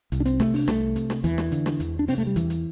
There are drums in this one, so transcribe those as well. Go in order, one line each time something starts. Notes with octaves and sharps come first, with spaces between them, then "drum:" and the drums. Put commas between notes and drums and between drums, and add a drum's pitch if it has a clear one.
C2, drum: hi-hat
D4
C4, drum: hi-hat
C3 A3, drum: snare
D4, drum: open hi-hat
C2 A3, drum: snare
C3, drum: hi-hat
drum: snare
E2 E3, drum: hi-hat
drum: snare
D3, drum: hi-hat
drum: snare
E2, drum: hi-hat
D4
C3 C4, drum: open hi-hat
A3
G3
E2 E3, drum: hi-hat
drum: hi-hat